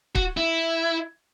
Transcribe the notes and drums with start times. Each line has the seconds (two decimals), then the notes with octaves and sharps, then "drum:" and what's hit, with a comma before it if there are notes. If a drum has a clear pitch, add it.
0.15 F#4, drum: kick
0.37 E4